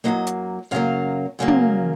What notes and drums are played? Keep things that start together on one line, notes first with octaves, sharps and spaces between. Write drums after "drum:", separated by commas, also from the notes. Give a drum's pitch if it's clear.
F#2 C#3 F#3 A#3 D#5
drum: hi-hat
F#2 C#3 F#3 A#3 F5
F#2 C#3 F#3 A#3
drum: tom